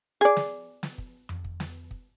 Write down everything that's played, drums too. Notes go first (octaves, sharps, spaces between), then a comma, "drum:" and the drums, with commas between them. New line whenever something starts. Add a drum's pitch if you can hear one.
G#4 D5
drum: snare
drum: snare
drum: kick
drum: tom F2
drum: kick
drum: snare
drum: kick